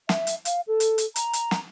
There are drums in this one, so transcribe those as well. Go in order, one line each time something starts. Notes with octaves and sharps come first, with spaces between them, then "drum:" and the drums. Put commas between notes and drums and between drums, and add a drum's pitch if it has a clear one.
E5, drum: snare
drum: hi-hat
F5, drum: hi-hat
A4
drum: hi-hat
drum: hi-hat
A#5, drum: hi-hat
drum: hi-hat
drum: snare